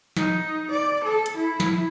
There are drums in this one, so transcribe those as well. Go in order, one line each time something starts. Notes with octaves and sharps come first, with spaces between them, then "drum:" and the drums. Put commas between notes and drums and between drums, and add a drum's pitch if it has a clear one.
D#4, drum: snare
D5
A4
drum: hi-hat
E4
drum: snare